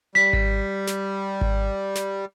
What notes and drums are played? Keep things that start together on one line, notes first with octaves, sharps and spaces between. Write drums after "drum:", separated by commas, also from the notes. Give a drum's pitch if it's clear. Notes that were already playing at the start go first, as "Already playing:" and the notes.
G3 B6
drum: kick G#1
drum: snare
drum: kick G#1
drum: snare